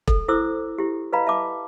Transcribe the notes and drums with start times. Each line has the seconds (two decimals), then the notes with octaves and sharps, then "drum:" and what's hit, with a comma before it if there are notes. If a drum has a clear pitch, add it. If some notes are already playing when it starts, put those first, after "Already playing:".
0.08 A4, drum: kick E1
0.28 E4 A4 C5 D6 E6
0.79 E4 G4
1.13 B4 D#5 F5 A#5 B5
1.26 E5 A5 B5 D6